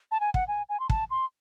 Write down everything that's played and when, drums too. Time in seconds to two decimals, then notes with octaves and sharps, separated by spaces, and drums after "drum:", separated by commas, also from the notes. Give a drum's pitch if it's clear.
0.11 A5
0.20 G#5
0.34 F#5, drum: kick
0.48 G#5
0.69 G#5
0.80 C6
0.90 A5, drum: kick
1.10 C6